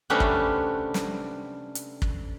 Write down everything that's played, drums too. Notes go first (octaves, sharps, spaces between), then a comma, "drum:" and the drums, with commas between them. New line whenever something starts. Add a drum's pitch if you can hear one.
C3 G3 A3 B3 C#4 D4
drum: kick
drum: snare
drum: hi-hat
drum: kick